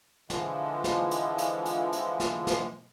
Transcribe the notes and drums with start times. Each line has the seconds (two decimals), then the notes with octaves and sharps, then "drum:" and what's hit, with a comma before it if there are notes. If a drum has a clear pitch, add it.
0.30 D3 E3 F3 G#3, drum: snare
0.84 drum: snare
1.11 drum: hi-hat
1.38 drum: hi-hat
1.65 drum: hi-hat
1.93 drum: hi-hat
2.20 drum: snare
2.47 drum: snare